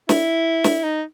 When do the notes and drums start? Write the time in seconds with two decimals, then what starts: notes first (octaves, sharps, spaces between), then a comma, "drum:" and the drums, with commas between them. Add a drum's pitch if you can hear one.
0.09 E4, drum: snare
0.64 drum: snare
0.83 D#4